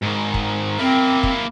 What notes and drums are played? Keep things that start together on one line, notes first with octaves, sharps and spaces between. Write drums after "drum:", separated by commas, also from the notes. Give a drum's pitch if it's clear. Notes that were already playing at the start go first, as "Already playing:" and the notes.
G#2 D#3
drum: kick
A#3 C4 E4
drum: kick